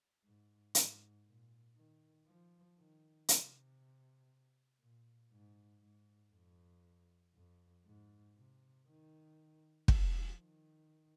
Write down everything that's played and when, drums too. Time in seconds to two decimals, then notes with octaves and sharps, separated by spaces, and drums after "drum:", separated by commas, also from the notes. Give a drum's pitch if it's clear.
0.24 G#2
0.75 G#2, drum: hi-hat
1.26 A#2
1.76 D#3
2.27 F3
2.78 D#3
3.29 C3, drum: hi-hat
4.81 A#2
5.31 G#2
5.82 G#2
6.33 F2
7.34 F2
7.85 G#2
8.36 C3
8.87 D#3
9.88 F3, drum: kick
10.39 D#3